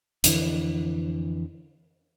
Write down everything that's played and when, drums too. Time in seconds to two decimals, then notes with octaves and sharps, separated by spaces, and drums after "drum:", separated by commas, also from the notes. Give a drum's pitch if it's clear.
0.24 F2 D3 E3, drum: hi-hat